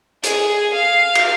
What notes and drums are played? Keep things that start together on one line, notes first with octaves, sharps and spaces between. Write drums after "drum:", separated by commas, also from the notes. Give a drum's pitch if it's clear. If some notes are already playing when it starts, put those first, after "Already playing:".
G#4, drum: hi-hat
F5
drum: cymbal